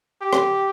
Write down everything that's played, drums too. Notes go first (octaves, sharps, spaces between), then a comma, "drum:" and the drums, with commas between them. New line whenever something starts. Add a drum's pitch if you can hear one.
G4
drum: rim click